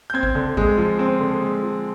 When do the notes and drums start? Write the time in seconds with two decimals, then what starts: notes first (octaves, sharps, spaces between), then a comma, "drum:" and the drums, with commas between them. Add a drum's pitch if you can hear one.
0.10 G6
0.14 C4 G#6
0.23 drum: kick A1
0.35 D3
0.57 G#3, drum: kick A1
0.78 F3
0.99 C4
1.20 D3
1.42 G#3
1.63 F3